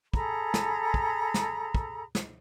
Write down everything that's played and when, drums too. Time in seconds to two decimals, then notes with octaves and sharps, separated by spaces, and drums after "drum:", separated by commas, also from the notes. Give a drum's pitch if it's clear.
0.14 G#4 A4 A#5 B5, drum: kick
0.54 drum: snare
0.94 drum: kick
1.34 drum: snare
1.75 drum: kick
2.15 drum: snare